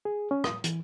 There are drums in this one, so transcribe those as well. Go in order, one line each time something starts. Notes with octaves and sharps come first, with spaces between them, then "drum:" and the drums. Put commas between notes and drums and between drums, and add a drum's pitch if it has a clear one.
G#4
C#4
D#6, drum: rim click
E3, drum: hi-hat